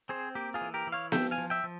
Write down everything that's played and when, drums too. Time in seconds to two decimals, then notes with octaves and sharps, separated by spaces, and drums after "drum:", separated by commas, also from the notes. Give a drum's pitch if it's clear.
0.09 C4 G#4 C5
0.35 A#3 G4
0.54 F4 G#4
0.61 E3
0.74 G4 A#4
0.87 E3
0.92 C#5 F5
1.12 F3 E5 G5, drum: snare B3
1.31 F5 G#5
1.38 F3
1.50 E5 G5
1.64 F3